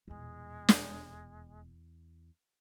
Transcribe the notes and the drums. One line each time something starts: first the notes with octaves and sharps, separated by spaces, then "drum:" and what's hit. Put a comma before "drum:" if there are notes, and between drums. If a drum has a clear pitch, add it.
D#1 E2 B2 G#3
drum: snare